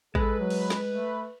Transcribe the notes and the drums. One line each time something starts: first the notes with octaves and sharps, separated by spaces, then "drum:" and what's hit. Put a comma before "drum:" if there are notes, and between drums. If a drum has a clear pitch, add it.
G#3 A4 B4, drum: kick A1
F#3
drum: cymbal
drum: snare
A3